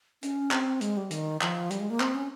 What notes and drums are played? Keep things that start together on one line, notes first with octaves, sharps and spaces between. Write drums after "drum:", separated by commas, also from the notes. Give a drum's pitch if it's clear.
C#4, drum: hi-hat
C4, drum: clap
G#3, drum: hi-hat
G3
D#3, drum: hi-hat
F3, drum: clap
G3, drum: hi-hat
G#3
A#3
C4, drum: clap
C#4